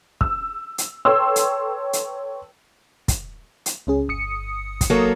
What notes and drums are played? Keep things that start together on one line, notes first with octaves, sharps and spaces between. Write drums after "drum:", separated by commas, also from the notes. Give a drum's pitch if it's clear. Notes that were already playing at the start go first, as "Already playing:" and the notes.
E6, drum: kick
drum: hi-hat
A4 B4 C#5 G5 C6 E6
drum: hi-hat
drum: hi-hat
drum: kick, hi-hat
drum: hi-hat
C#2 C#4 G#4
G1 D#6 C#7
drum: kick, hi-hat
F#3 A#3 A4